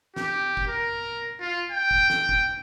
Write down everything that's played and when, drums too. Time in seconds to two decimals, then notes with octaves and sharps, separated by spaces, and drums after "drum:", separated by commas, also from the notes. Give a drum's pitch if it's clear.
0.16 G4, drum: snare
0.57 drum: kick F#1
0.68 A#4
1.40 F4
1.72 G5
1.91 drum: kick F#1
2.10 drum: snare
2.29 drum: kick F#1